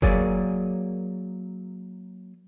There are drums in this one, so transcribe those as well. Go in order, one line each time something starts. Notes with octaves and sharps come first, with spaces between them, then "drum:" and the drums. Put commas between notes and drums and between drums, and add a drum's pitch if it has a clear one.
F#3 A#3 G#4 D5, drum: kick F#1